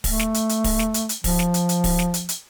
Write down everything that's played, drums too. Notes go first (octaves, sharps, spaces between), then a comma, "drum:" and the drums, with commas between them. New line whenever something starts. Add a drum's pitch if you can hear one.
A3, drum: kick, open hi-hat
drum: snare
drum: hi-hat
drum: hi-hat
drum: kick, open hi-hat
drum: snare
drum: hi-hat
drum: hi-hat
F3, drum: kick, open hi-hat
drum: snare
drum: hi-hat
drum: hi-hat
drum: kick, open hi-hat
drum: snare
drum: hi-hat
drum: hi-hat